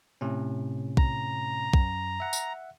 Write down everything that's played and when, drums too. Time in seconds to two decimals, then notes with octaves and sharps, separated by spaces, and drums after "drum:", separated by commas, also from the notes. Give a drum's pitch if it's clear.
0.21 A2 C3 C#4
0.97 A#5, drum: kick
1.74 F#2, drum: kick
2.20 E5 F#5
2.33 drum: tambourine